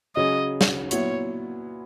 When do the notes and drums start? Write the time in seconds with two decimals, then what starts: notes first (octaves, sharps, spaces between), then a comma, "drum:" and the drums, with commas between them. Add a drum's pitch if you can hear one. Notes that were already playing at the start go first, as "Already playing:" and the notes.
0.16 C#3 F#3 C#4 D#5
0.61 drum: snare
0.91 A#2 F#3 B3 E4 C#5, drum: hi-hat